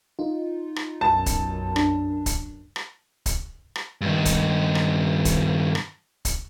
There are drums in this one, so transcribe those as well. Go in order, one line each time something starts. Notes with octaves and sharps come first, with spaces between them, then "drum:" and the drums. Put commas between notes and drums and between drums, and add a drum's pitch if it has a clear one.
D#4 F4
drum: rim click
B1 F#2 A5
drum: kick D1, hi-hat
D4, drum: rim click
drum: kick D1, hi-hat
drum: rim click
drum: kick D1, hi-hat
drum: rim click
G2 D#3
drum: kick D1, hi-hat
drum: rim click
drum: kick D1, hi-hat
drum: rim click
drum: kick D1, hi-hat